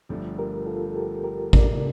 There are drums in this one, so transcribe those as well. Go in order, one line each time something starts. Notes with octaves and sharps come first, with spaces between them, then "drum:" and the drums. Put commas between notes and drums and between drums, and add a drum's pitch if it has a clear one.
G1 G2 F3 A3 D4
G4 A#4
F4 A4
A4
G4 A#4
G4 A#4
A#4 D5, drum: kick A1